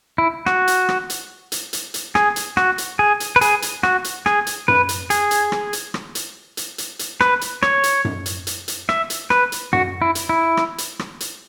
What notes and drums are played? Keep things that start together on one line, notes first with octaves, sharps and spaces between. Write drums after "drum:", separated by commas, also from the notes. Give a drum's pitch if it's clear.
E4
F#4, drum: rim click
drum: hi-hat
drum: rim click
drum: hi-hat
drum: hi-hat
drum: hi-hat
drum: hi-hat
G#4, drum: rim click
drum: hi-hat
F#4, drum: rim click
drum: hi-hat
G#4
drum: hi-hat
B4
G#4, drum: hi-hat
drum: hi-hat
F#4, drum: rim click
drum: hi-hat
G#4, drum: rim click
drum: hi-hat
B4, drum: tom F#2
drum: hi-hat
G#4, drum: hi-hat
drum: hi-hat
drum: rim click
drum: hi-hat
drum: rim click
drum: hi-hat
drum: hi-hat
drum: hi-hat
drum: hi-hat
B4, drum: rim click
drum: hi-hat
C#5, drum: rim click
drum: hi-hat
drum: tom F#2
drum: hi-hat
drum: hi-hat
drum: hi-hat
E5, drum: rim click
drum: hi-hat
B4, drum: rim click
drum: hi-hat
F#4, drum: tom F#2
E4
drum: hi-hat
E4
drum: rim click
drum: hi-hat
drum: rim click
drum: hi-hat